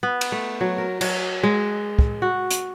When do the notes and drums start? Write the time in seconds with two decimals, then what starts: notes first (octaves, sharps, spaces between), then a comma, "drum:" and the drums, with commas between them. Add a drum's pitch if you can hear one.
0.03 B3
0.21 drum: cymbal
0.32 A3
0.61 F#3
0.78 A#4
1.01 F#3, drum: cymbal
1.43 G#3
1.99 drum: kick
2.22 F#4
2.51 drum: hi-hat